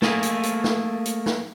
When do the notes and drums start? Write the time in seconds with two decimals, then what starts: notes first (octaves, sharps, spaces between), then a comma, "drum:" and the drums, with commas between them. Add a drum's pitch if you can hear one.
0.02 A3 A#3 G#4, drum: snare
0.23 drum: hi-hat
0.43 drum: hi-hat
0.64 drum: snare
1.05 drum: hi-hat
1.26 drum: snare